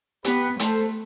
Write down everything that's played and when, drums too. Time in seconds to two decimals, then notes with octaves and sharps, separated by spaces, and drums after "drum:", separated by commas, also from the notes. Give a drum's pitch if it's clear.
0.24 B3 G4 B4, drum: hi-hat
0.59 A3 A4 C5, drum: hi-hat